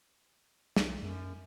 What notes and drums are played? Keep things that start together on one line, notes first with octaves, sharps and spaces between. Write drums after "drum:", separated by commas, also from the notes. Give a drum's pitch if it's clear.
B1, drum: snare
F#2